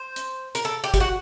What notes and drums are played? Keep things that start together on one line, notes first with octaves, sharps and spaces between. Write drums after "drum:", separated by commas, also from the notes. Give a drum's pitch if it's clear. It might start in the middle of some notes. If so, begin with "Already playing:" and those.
Already playing: C5
drum: hi-hat
A#4, drum: hi-hat
A4
G4
G4, drum: kick, hi-hat
F#4